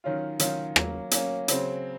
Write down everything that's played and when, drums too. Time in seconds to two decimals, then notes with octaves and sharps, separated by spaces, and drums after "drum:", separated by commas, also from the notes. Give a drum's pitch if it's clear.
0.04 D#3 F#3 C#4 F4
0.39 D#3 F#3 C#4 F4, drum: hi-hat
0.76 F#3 A#3 C#4, drum: rim click
1.11 F#3 A#3 C#4, drum: hi-hat
1.48 C#3 F#3 C4, drum: hi-hat